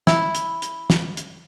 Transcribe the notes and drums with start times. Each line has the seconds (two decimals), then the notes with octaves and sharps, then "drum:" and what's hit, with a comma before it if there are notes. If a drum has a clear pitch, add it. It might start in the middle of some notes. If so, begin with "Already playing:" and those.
0.07 E4, drum: snare
0.35 drum: hi-hat
0.62 drum: hi-hat
0.90 drum: snare
1.17 drum: hi-hat